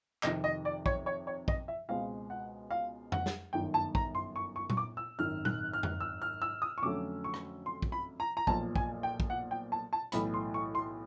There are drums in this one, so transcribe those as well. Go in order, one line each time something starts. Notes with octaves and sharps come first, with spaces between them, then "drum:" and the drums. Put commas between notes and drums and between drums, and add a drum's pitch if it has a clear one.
F2 C3 D#3 D#5, drum: clap
D#5
D5
C#5, drum: kick
C#5
C#5
D#5, drum: kick
E5
C#2 B2 G#3 C4 F5
F#5
F5
F#5, drum: tom F2
drum: snare
G1 F#2 D#3 G5
A5
A#5, drum: kick
C6
C#6
C#6
C#6, drum: tom A#2
D6
E6
G#1 F#2 D#3 F6
F#6, drum: tom A#2
F6
drum: tom F2
E6
F6
E6
D#6
C#6
F2 D3 F#3 A3 C#4 D6
C#6
drum: rim click
C6
drum: kick
B5
A#5
A#5
B1 A#2 F3 A5, drum: kick
G#5, drum: kick
G5
drum: kick
F#5
G5
A5
A5
B1 A2 E3 A3 B5, drum: hi-hat
C6
C#6
C6